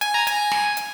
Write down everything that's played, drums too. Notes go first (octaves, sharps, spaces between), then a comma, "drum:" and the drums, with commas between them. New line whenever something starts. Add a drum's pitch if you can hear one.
G#5, drum: hi-hat
A#5
G#5, drum: hi-hat
drum: snare
drum: hi-hat